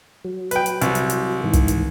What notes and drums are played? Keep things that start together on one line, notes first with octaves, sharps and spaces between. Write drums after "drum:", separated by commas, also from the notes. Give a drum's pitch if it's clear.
F#3
B4 G5, drum: hi-hat
drum: hi-hat
C2, drum: hi-hat
drum: hi-hat
drum: hi-hat
G#2 D#3 E3
drum: kick, hi-hat
drum: hi-hat